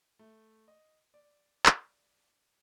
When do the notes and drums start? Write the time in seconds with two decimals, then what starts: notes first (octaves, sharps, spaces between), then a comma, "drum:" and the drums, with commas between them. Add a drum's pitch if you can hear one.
0.19 A3
0.68 D#5
1.14 D5
1.66 drum: clap